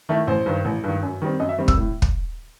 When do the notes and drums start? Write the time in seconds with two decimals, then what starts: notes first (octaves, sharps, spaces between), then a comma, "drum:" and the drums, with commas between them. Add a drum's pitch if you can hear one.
0.09 D#3 A3 E4
0.27 A1 C5
0.46 G2 D#3
0.65 A1
0.84 G2 D#3
1.03 F#2
1.22 D#3 G3 C4
1.40 F#2 D#5
1.49 E5
1.58 D#3 G3 C4
1.68 E6, drum: kick
1.77 A2
2.02 drum: kick